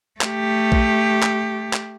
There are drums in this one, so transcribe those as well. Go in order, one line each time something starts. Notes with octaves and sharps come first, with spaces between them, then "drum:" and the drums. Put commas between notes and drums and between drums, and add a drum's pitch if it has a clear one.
A3 G4, drum: clap
drum: kick A#1
drum: clap
drum: clap